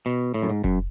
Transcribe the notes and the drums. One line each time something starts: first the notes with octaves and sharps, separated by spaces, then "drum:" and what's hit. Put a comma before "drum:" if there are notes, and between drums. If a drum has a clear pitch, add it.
B2
A2
F#2
G#2
F#2, drum: kick F1